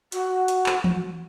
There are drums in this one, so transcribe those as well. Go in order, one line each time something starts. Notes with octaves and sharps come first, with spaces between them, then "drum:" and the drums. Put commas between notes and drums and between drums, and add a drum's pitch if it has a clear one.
F#4, drum: hi-hat
drum: hi-hat
drum: clap
drum: tom E3